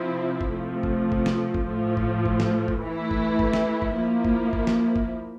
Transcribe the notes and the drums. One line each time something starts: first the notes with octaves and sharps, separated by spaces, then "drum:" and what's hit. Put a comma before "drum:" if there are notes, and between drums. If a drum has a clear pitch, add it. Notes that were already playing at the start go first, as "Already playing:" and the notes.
Already playing: C3 F3 C4 E4
drum: kick F#1
C3 F3 A3
drum: kick F#1
drum: kick F#1
drum: snare
drum: kick F#1
A2 F3 A3
drum: kick F#1
drum: kick F#1
drum: snare
drum: kick F#1
E3 A3 E4
drum: kick F#1
drum: kick F#1
drum: snare
drum: kick F#1
F3 A#3 E4
drum: kick F#1
drum: kick F#1
drum: snare
drum: kick F#1